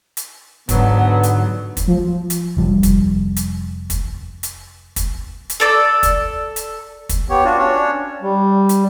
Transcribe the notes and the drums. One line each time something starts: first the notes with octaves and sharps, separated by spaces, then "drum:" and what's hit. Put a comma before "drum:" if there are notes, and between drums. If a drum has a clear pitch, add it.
drum: hi-hat
G#2 D3 F#3 B3, drum: kick, hi-hat
drum: hi-hat
drum: kick, hi-hat
F3
drum: hi-hat
F1 F3 G3
drum: kick, hi-hat
drum: hi-hat
drum: kick, hi-hat
drum: hi-hat
drum: kick, hi-hat
drum: hi-hat
A4 D5 E6
drum: kick, hi-hat
drum: hi-hat
drum: kick, hi-hat
B3 G4 C#5
D4 F4 F#4
C#4 D4 C#5
G3
drum: hi-hat